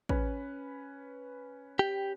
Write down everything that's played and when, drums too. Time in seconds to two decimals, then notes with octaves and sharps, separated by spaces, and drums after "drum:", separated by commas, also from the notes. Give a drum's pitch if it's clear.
0.09 C#4 B4, drum: kick
1.79 G4 G5